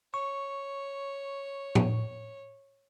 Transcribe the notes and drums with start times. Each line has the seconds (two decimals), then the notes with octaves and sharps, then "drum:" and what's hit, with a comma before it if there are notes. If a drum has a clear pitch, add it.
0.14 C#5 C#6
1.75 drum: tom A2